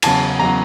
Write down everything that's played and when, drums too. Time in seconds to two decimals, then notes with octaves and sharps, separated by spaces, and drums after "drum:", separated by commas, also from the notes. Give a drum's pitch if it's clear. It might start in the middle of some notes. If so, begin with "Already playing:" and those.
0.02 E2 C#3 F#3 A5, drum: cymbal
0.39 E2 C#3 F#3 A#5